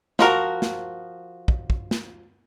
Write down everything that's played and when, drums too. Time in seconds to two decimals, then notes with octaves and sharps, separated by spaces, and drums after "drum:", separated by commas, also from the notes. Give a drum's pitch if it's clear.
0.19 F3 F#4 A#4, drum: snare
0.62 drum: snare
1.48 drum: kick
1.70 drum: kick
1.91 drum: snare